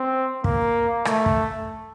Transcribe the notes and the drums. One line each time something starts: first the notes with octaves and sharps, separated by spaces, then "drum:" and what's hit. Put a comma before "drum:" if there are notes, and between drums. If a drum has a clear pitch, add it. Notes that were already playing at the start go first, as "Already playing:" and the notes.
Already playing: C4
A#3, drum: kick
A3, drum: rim click
drum: kick